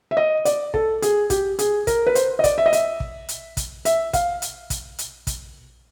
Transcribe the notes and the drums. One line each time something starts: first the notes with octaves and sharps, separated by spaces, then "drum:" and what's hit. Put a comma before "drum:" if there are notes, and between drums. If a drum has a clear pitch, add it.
E5
D#5
D5, drum: hi-hat
A4, drum: kick
G#4, drum: hi-hat
G4, drum: kick, hi-hat
G#4, drum: hi-hat
A#4, drum: kick, hi-hat
B4
C5, drum: hi-hat
D#5
D5, drum: kick, hi-hat
E5
D#5
E5, drum: hi-hat
drum: kick
drum: hi-hat
drum: kick, hi-hat
E5, drum: hi-hat
F5, drum: kick, hi-hat
drum: hi-hat
drum: kick, hi-hat
drum: hi-hat
drum: kick, hi-hat